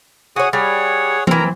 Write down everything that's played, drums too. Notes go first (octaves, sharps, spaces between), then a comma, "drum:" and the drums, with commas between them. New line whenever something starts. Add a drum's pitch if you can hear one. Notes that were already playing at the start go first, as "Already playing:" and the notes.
F#4 G#4 C#5 F#5 D#6
G3 G#4 C#5 F#5
E3 C4 A#4 A#5, drum: tom E3